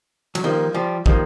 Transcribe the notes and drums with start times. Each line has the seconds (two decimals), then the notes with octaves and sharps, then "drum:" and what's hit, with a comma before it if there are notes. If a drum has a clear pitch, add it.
0.35 F#3, drum: cymbal
0.43 D#3 F3 G3 A#3 D#4
0.74 F3 G3
1.06 D#3 F3 G3 A#3 D#4, drum: kick